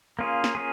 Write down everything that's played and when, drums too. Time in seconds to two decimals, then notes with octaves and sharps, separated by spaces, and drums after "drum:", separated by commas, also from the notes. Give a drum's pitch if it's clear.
0.19 A#3 C#4 F4 G#4
0.44 drum: snare
0.55 A#3 C#4 F4 G#4